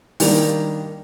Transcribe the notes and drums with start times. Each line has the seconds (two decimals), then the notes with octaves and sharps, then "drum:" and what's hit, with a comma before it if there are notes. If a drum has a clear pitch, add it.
0.20 D#3 G3 A#3 D4, drum: open hi-hat